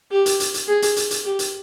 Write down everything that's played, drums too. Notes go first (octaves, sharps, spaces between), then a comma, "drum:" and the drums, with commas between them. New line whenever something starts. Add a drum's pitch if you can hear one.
G4
drum: hi-hat
drum: hi-hat
drum: hi-hat
G#4
drum: hi-hat
drum: hi-hat
drum: hi-hat
G4
drum: hi-hat